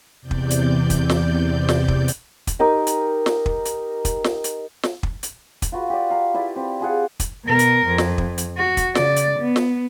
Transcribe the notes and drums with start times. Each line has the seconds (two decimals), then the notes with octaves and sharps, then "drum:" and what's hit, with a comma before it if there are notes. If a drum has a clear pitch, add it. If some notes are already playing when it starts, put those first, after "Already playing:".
0.21 E2 C3 D5 G6
0.31 drum: kick
0.50 drum: hi-hat
0.90 drum: kick, hi-hat
1.10 drum: snare
1.69 drum: snare
1.88 drum: kick
2.08 drum: hi-hat
2.47 drum: kick, hi-hat
2.59 D#4 G4 A#4 D#5
2.87 drum: hi-hat
3.26 drum: snare
3.46 drum: kick
3.65 drum: hi-hat
4.05 drum: kick, hi-hat
4.24 drum: snare
4.44 drum: hi-hat
4.83 drum: snare
5.03 drum: kick
5.23 drum: hi-hat
5.62 drum: kick, hi-hat
5.72 F4 F#4 B4
5.90 G4 D5
6.10 F5 A#5
6.34 E4 B4 D5
6.56 C4
6.80 F4 G#4 F#5
7.20 drum: kick, hi-hat
7.45 B2 A#4
7.59 drum: hi-hat
7.87 F2
7.98 drum: snare
8.18 drum: kick
8.38 drum: hi-hat
8.57 F#4
8.77 drum: kick, hi-hat
8.95 C#3 D5, drum: snare
9.16 drum: hi-hat
9.39 B3
9.56 drum: snare